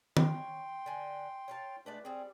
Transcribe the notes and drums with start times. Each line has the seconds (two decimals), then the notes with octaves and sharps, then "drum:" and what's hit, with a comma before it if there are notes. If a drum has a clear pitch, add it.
0.17 C#5 G5 C6, drum: tom
0.86 D3 G#5
1.48 C#5 F5 A5
1.86 G#3 A3 D4 B4 D5 A5
2.05 G3 C4 G#4 D5